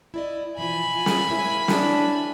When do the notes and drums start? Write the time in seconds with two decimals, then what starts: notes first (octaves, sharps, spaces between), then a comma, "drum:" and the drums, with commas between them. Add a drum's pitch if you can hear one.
0.14 E4 D5 D#5
0.57 B2 E3 F3 G#5 B5
0.95 F4
1.06 drum: snare
1.30 G#3 A#3 E4
1.68 D4, drum: snare